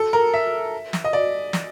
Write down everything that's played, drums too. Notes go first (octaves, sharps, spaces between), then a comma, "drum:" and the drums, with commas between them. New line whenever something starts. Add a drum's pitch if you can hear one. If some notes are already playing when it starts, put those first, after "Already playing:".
Already playing: A4
A#4
E5
drum: snare
D#5
D5
drum: snare